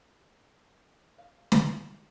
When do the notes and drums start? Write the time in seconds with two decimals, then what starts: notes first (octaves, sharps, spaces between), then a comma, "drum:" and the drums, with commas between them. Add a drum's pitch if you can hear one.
1.18 F5
1.52 drum: snare